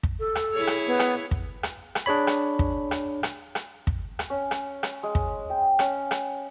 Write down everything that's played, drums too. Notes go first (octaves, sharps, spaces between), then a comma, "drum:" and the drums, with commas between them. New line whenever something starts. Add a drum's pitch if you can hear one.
drum: kick
A4
drum: rim click
E4 G#4 C#5
drum: rim click
B3
drum: rim click
drum: kick
drum: rim click
drum: rim click
D4 G#4 C#5 B5
drum: rim click
drum: kick
drum: rim click
drum: rim click
drum: rim click
drum: kick
drum: rim click
C#4
drum: rim click
drum: rim click
G#3
drum: kick
G5
C#4, drum: rim click
drum: rim click